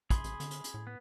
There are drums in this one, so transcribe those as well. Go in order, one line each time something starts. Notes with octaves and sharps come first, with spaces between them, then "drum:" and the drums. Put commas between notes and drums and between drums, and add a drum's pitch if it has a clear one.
G#4 B5 C6, drum: kick, hi-hat
A1, drum: hi-hat
D3, drum: hi-hat
drum: hi-hat
drum: hi-hat
A2
B3